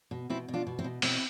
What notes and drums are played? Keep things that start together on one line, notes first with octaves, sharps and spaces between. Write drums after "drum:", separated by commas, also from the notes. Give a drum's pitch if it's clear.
B2
B2 C4 E4
B2
D4 F4
B2
C4 E4
B2
B2 C4 E4, drum: open hi-hat